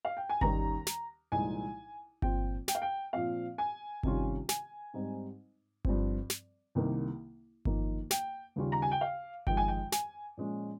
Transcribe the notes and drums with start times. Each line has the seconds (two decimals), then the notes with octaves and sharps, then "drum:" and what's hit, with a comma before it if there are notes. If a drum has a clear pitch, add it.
0.05 F5
0.17 G5
0.29 G#5
0.41 D#2 D#3 G3 C#4 A#5, drum: kick G1
0.87 drum: snare
1.32 C2 A#2 F3 G#3 D#4 G#5
2.22 A#2 F3 C4 F4 G5, drum: kick G1
2.68 G5, drum: snare
2.75 F5
2.82 G5
3.13 A#2 F3 C4 F5
3.58 G#5
4.03 C3 D#3 G3 C#4 F4, drum: kick G1
4.49 G#5, drum: snare
4.94 G#2 G3 C4 D#4
5.85 G2 F3 C4, drum: kick G1
6.30 drum: snare
6.75 C2 C3 D#3 A#3
7.65 F2 D#3 A#3 D#4, drum: kick G1
8.11 G5, drum: snare
8.56 D#2 C#3 G3 C#4 F4
8.72 A#5
8.82 G#5
8.91 G5
9.01 F5
9.47 F2 D#3 G#3 G5, drum: kick G1
9.57 G#5
9.68 G5
9.92 G#5, drum: snare
10.37 A#2 F3 G#3 C#4